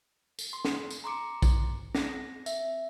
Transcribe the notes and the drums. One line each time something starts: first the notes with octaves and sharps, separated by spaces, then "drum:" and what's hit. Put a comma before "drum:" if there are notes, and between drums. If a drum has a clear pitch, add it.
drum: tambourine
C6
drum: snare
drum: tambourine
A#5 C6 D6 C#7
drum: kick, tambourine
C4 A#6, drum: snare
E5, drum: tambourine